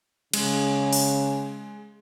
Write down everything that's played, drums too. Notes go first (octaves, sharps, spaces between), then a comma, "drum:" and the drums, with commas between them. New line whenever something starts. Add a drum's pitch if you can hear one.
C#3 G#3, drum: cymbal
drum: open hi-hat